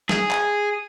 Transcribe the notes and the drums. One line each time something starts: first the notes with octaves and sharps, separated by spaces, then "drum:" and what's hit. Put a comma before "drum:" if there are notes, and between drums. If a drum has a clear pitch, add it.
G#4, drum: snare
drum: clap